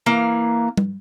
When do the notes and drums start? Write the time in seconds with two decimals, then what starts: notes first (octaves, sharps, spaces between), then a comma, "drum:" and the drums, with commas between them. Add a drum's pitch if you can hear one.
0.06 E3 A#3 F5
0.77 drum: tom G3